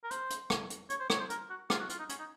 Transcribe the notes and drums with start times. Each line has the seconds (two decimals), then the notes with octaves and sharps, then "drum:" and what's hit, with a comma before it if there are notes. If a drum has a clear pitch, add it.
0.04 A#4
0.11 C5, drum: hi-hat
0.30 drum: hi-hat
0.50 drum: rim click
0.70 drum: hi-hat
0.90 C#5, drum: hi-hat
1.00 C5
1.10 C#5, drum: rim click
1.19 C5
1.30 A#4, drum: hi-hat
1.50 F#4
1.70 F4, drum: rim click
1.80 F#4
1.89 F4, drum: hi-hat
1.99 D#4
2.09 C#4, drum: hi-hat
2.19 D#4